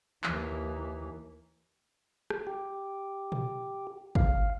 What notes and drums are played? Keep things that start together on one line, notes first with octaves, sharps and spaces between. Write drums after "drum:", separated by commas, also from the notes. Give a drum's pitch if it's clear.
D#2 E3, drum: clap
drum: rim click
G4
drum: tom A#2
F5, drum: kick